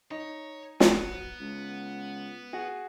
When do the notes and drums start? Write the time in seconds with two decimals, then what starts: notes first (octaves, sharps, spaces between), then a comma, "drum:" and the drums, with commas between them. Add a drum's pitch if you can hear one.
0.11 D#4 C#5
0.80 F#3 B3, drum: snare
1.40 C#2
2.53 F#4 G#4